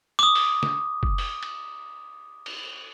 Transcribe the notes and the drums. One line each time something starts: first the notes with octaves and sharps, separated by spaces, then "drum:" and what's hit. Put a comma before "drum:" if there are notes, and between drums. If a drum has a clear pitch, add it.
D6 D#6, drum: tambourine
drum: open hi-hat
drum: snare
drum: kick
drum: open hi-hat
drum: cymbal
drum: cymbal